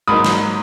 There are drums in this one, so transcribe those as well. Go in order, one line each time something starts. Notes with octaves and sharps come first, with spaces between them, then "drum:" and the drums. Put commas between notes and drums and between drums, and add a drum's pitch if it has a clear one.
G#2 F#3 A#3 D#4 B5 D#6
drum: snare